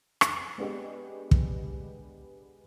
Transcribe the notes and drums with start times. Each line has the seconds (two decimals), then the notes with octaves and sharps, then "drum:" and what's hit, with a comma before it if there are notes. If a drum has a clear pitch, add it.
0.21 drum: rim click
0.58 G#3 B3 D4 G4 D#5
1.31 drum: kick